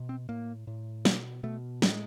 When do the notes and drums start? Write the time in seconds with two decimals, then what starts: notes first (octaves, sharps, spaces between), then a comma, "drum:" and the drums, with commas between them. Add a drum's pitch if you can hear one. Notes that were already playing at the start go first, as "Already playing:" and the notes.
Already playing: B2
0.09 C4
0.29 A2 A#3
0.67 A2
1.05 B2 A#3, drum: snare
1.43 B2 A3
1.82 A2 G#3, drum: snare